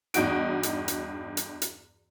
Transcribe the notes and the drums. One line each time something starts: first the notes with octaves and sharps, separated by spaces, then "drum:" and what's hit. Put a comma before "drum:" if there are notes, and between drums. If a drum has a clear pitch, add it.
E2 G2 D#4 F#4 D7, drum: hi-hat
drum: hi-hat
drum: hi-hat
drum: hi-hat
drum: hi-hat